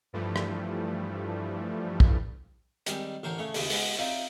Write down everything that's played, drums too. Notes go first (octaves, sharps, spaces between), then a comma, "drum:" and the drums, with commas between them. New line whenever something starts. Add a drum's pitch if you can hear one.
G2 E3 F3 G3 A3
drum: rim click
drum: kick
D#3 G3 G#3 C4, drum: hi-hat
A1 D3 A#4 C5 C#5
C#3 A3 C#5
D#2 C#3 G#3, drum: open hi-hat
G#3 B3, drum: open hi-hat
C4 D#4 F4 D5 E5